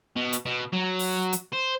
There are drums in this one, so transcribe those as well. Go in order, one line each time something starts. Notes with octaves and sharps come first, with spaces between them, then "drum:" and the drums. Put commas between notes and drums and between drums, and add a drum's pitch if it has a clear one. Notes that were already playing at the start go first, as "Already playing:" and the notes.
B2
drum: hi-hat
B2
F#3
drum: open hi-hat
drum: hi-hat
C5